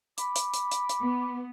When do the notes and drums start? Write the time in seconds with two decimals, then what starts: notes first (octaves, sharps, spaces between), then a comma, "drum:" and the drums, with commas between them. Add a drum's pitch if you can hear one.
0.18 B5 D6, drum: hi-hat
0.36 drum: hi-hat
0.54 drum: hi-hat
0.71 drum: hi-hat
0.89 drum: hi-hat
1.00 B3